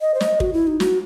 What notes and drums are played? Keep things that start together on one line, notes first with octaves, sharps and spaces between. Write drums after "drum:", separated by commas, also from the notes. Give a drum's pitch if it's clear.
D#5
C5
D#5, drum: snare
F#4, drum: kick
E4
D#4
F#4, drum: snare